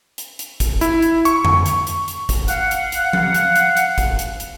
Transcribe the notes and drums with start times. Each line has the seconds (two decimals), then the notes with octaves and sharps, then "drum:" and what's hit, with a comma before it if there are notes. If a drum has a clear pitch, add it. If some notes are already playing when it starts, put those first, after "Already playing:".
0.18 drum: hi-hat
0.39 drum: hi-hat
0.60 drum: kick, hi-hat
0.81 E4, drum: hi-hat
1.02 drum: hi-hat
1.25 C#6, drum: hi-hat
1.45 drum: tom F2
1.66 drum: hi-hat
1.87 drum: hi-hat
2.08 drum: hi-hat
2.29 drum: kick, hi-hat
2.48 F5 F#5, drum: hi-hat
2.71 drum: hi-hat
2.92 drum: hi-hat
3.13 drum: tom F3
3.34 drum: hi-hat
3.56 drum: hi-hat
3.77 drum: hi-hat
3.98 drum: kick, hi-hat
4.19 drum: hi-hat
4.40 drum: hi-hat